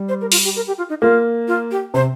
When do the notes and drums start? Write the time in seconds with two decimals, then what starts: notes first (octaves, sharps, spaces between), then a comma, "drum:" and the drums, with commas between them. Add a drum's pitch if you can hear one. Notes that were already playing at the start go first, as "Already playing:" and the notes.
Already playing: G3
0.09 C5
0.21 A#4
0.32 F4, drum: open hi-hat
0.44 G4
0.56 A#4
0.68 G4
0.78 F4
0.89 D#4
1.02 A#3 F4
1.48 F4
1.71 G4
1.94 C3 C5